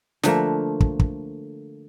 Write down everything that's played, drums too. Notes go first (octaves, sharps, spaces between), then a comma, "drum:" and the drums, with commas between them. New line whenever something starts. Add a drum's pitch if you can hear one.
D3 F3 A3 A#3, drum: snare
drum: kick
drum: kick